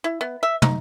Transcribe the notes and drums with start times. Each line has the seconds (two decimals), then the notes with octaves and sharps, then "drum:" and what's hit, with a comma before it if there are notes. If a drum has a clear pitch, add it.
0.04 E4
0.21 B3
0.43 E5
0.62 D#4, drum: tom